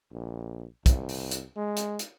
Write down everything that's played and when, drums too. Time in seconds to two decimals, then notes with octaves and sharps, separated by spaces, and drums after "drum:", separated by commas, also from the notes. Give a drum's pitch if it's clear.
0.12 A#1
0.86 C2, drum: kick, hi-hat
1.08 drum: open hi-hat
1.31 drum: hi-hat
1.57 G#3
1.76 drum: hi-hat
1.99 drum: hi-hat